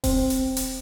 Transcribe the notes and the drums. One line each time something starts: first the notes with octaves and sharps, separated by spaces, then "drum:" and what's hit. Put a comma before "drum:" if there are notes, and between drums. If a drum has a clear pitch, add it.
C4, drum: kick D#1, open hi-hat
drum: hi-hat
drum: hi-hat